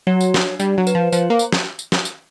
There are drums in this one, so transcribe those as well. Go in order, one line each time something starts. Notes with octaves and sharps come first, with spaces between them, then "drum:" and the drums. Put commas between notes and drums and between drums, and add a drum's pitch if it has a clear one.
F#3 F#4
drum: tambourine
D4, drum: snare
G3 D4, drum: tambourine
F#3
B4, drum: tambourine
F3
F3 C5, drum: tambourine
A#3
drum: tambourine
drum: snare
drum: tambourine
drum: snare
drum: tambourine